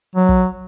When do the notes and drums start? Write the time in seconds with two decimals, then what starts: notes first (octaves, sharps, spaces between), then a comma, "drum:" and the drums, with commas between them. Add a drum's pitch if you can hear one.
0.15 F#3
0.29 drum: kick